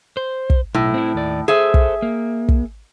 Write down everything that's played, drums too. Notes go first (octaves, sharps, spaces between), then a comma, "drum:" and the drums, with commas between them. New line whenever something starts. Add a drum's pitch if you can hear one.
C5
drum: kick
B1 A2
C4 E4
D#2 D5
G#4 A4 C5 E5
drum: kick
A#3
drum: kick